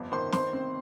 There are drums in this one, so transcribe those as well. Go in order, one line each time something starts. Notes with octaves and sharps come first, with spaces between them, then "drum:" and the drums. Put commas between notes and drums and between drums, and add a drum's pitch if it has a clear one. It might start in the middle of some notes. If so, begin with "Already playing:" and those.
Already playing: G1 F2
D#3 C5 C6
D#3 C5 C6, drum: snare
C4